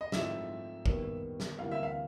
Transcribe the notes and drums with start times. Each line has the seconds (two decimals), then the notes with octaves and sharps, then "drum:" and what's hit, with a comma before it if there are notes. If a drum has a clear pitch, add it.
0.01 D#5
0.12 G#2 F3 A3 C4 E4 E5, drum: snare
0.86 D#2 D#3 G3 B3, drum: kick
1.40 drum: snare
1.59 D2 C3 E3 G3 A#3 F5
1.71 E5
1.83 F5